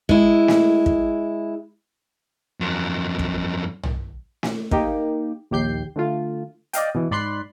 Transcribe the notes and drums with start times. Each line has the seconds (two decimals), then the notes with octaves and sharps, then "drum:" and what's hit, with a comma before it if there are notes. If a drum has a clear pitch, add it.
0.09 G#3 E4, drum: kick
0.48 drum: snare
0.86 drum: kick
2.60 F2 F#3
3.19 drum: kick
3.83 drum: tom
4.43 drum: snare
4.71 A#3 D#4 G4, drum: kick
5.51 A#1 D#2 G4 G6 C7
5.96 D3 A3 F4
6.73 D5 D#5 F5 G5, drum: hi-hat
6.95 B2 E3
7.11 G#2 D5 B5 C6 F#6 C7